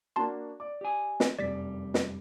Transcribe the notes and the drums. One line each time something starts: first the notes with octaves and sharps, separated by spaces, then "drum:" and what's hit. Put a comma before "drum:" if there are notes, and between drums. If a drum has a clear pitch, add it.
A#3 D4 F#4 A5 C6
D5 D6
G4 G#5
drum: snare
F1 F#2 G3 D5 A6 B6
drum: snare